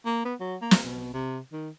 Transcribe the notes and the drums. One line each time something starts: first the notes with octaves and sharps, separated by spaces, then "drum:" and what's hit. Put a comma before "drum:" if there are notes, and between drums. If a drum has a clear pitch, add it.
A#3
B3
F#3
A#3
drum: snare
B2
C3
D#3